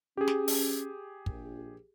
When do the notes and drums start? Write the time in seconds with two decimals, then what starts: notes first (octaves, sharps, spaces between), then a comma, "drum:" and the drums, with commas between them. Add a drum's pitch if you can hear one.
0.17 C#4 G4 G#4
0.28 drum: snare
0.48 drum: open hi-hat
1.26 A#1, drum: kick